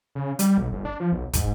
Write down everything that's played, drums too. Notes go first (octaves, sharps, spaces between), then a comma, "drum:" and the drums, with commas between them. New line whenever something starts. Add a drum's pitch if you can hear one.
C#3
G3, drum: hi-hat
B1
G1
D4
F3
B1
G#2, drum: kick, hi-hat